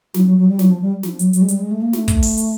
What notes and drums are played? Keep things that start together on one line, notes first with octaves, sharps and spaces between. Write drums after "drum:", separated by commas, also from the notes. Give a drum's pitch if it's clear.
F#3, drum: snare
F#3
F#3
G3
F#3, drum: snare
F3
G3
F3, drum: snare
F#3, drum: hi-hat
F#3, drum: hi-hat
G#3
G3, drum: hi-hat
G#3
A3
A#3
A3, drum: snare
drum: kick, hi-hat
drum: open hi-hat
drum: hi-hat